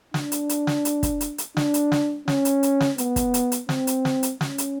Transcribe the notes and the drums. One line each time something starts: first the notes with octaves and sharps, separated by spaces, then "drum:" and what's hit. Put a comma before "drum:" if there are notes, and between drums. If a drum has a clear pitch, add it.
D4, drum: snare
drum: hi-hat
drum: hi-hat
drum: snare
drum: hi-hat
drum: kick, hi-hat
drum: hi-hat
drum: hi-hat
D4, drum: snare
drum: hi-hat
drum: snare
C#4, drum: snare
drum: hi-hat
drum: hi-hat
drum: snare
B3, drum: hi-hat
drum: kick, hi-hat
drum: hi-hat
drum: hi-hat
C4, drum: snare
drum: hi-hat
drum: snare
drum: hi-hat
C#4, drum: snare
drum: hi-hat